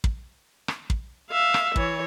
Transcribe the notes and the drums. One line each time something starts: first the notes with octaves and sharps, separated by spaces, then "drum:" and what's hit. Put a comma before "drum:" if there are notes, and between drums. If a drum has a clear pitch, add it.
drum: kick
drum: rim click
drum: kick
E5 F5
drum: rim click
E3 C#5, drum: kick